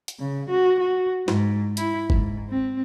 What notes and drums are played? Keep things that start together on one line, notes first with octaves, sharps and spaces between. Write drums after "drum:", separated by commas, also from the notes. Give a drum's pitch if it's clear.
drum: hi-hat
C#3
F#4
F#4
G#2, drum: snare
E4, drum: hi-hat
G#2, drum: kick
C4